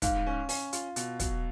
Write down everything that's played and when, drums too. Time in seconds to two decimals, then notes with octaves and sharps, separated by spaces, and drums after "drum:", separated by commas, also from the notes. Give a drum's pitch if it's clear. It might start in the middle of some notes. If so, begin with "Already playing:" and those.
0.02 G#2 F5, drum: kick, hi-hat
0.27 C#4
0.49 C#4, drum: open hi-hat
0.73 F4, drum: hi-hat
0.96 B2, drum: hi-hat
1.20 F#3, drum: kick, hi-hat